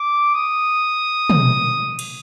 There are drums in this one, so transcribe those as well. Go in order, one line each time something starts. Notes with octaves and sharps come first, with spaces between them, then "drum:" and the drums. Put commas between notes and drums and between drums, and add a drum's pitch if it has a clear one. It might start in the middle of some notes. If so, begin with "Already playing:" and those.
Already playing: D6
D#6
drum: tom
drum: cymbal